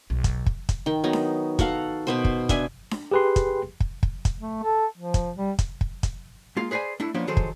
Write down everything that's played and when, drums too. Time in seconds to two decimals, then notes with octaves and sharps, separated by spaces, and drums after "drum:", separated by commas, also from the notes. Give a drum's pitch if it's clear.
0.10 B1
0.24 drum: kick, hi-hat
0.46 drum: kick
0.69 drum: kick, hi-hat
0.86 D#3 G5
1.04 F#3 B3 D#4
1.13 drum: snare D4
1.59 F#4 A4 F5 F#5, drum: kick, hi-hat
2.07 B2 B3 C5
2.25 drum: kick
2.49 D4 E5 G#5, drum: kick, hi-hat
2.91 drum: snare D4
3.11 G4 G#4 B4 G5 C6
3.36 drum: kick, hi-hat
3.80 drum: kick
4.03 drum: kick
4.25 drum: kick, hi-hat
4.37 A3
4.63 A4
4.98 F3
5.14 drum: kick, hi-hat
5.36 G3
5.59 drum: kick, hi-hat
5.81 drum: kick
6.03 drum: kick, hi-hat
6.57 G#3 A#3 F4 F5
6.71 G#4 B4 C5 D5 G#5
7.00 A3 D4 E4
7.14 F3 A#3 B3 C#4 D4
7.27 D#3 F3 F#3 G#4 A4 C5
7.37 drum: kick